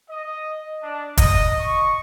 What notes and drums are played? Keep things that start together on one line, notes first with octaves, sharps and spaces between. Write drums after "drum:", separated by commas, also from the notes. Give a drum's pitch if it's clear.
D#5
D4
D#5, drum: kick, hi-hat
C#6